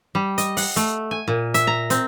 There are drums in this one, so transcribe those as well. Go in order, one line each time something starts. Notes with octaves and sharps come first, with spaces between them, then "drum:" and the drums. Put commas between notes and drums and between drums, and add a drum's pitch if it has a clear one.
G3
D#5, drum: hi-hat
F#5, drum: open hi-hat
A3, drum: hi-hat
G#5
A#2
E5, drum: hi-hat
A#5
C4, drum: hi-hat